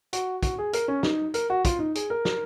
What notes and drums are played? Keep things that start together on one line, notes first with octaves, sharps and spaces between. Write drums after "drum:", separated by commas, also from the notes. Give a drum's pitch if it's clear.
F#4, drum: hi-hat
F#4, drum: kick, hi-hat
G#4
A#4, drum: hi-hat
C#4
D#4, drum: snare
A#4, drum: hi-hat
F#4
F4, drum: kick, hi-hat
D#4
G#4, drum: hi-hat
A#4
drum: snare